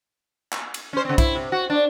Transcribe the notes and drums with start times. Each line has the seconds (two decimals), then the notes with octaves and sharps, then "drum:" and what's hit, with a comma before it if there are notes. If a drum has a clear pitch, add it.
0.52 drum: clap
0.74 drum: cymbal
0.93 C#4 C5
1.05 C#3 C4
1.18 E4, drum: kick, cymbal
1.35 C3
1.52 F#4
1.70 D4